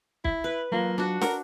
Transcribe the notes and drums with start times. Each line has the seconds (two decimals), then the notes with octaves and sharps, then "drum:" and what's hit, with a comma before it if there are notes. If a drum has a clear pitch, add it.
0.24 E4, drum: kick
0.44 B4
0.72 F#3 A#3 F4
0.98 D4 F#4
1.21 A#4 F#5, drum: snare